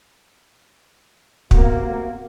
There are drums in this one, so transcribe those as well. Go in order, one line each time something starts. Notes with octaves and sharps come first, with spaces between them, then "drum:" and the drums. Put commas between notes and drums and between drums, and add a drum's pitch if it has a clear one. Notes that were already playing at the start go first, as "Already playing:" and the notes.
C3 A#3 F#4, drum: kick